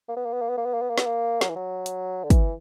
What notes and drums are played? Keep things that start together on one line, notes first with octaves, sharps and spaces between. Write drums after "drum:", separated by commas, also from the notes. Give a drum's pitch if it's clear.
A#3
B3
A#3
B3
A#3
B3
A#3
B3
A#3
B3
A#3
B3, drum: snare
A#3
F#3, drum: snare
E3
F#3
drum: hi-hat
D3
E3, drum: kick, hi-hat